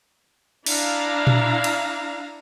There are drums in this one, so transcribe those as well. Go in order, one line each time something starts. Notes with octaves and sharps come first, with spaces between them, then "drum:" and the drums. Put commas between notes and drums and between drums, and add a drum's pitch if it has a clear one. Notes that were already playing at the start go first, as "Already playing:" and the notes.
D4 E4 F5 A#5, drum: cymbal
drum: tom A#2
drum: cymbal